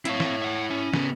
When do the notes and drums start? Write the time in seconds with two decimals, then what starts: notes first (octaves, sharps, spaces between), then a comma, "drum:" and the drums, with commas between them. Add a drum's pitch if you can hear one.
0.05 C4 E4 C#5 F5, drum: hi-hat
0.20 drum: snare
0.42 E5 F#5
0.70 C#4
0.94 C#3 B3, drum: snare